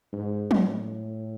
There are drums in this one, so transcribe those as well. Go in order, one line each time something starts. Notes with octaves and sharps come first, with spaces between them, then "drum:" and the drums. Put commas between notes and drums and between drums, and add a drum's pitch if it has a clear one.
G#2
drum: tom
A2